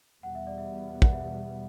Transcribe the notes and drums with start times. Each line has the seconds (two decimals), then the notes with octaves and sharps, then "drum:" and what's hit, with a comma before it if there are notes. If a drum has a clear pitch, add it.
0.23 E2 B2 G3 B3 F#5
0.35 E5
0.47 D5
0.58 E5
1.02 F#5, drum: kick
1.13 E5